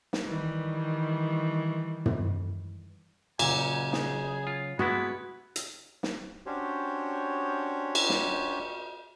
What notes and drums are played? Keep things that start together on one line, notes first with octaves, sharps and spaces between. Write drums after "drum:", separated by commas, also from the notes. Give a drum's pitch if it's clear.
drum: snare
D#3 E3 G3
drum: tom
A#2 C#3 F#3 F#5 G#5, drum: cymbal
G#4, drum: snare
F4
G#3 B3 E4 F#4 B4
drum: hi-hat
drum: snare
C#4 D4 F#4 G4 C5 C#5
drum: cymbal
drum: snare